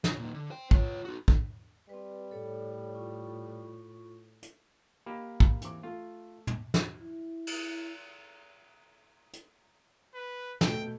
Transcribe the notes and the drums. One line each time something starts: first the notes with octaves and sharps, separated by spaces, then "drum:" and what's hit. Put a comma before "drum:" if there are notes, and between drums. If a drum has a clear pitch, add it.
C#3, drum: snare
A#2 D#3
D3
C5 G5
F4 C#5, drum: kick
D#4 F#4
drum: kick
G3 C4 B4
A2 A4 C#5
F4 C#6
drum: hi-hat
A#3 G4 B5
drum: kick
E3 C4 D6, drum: hi-hat
A3 F4
drum: tom
drum: snare
E4
drum: cymbal
drum: hi-hat
B4
B2 A3 G5, drum: snare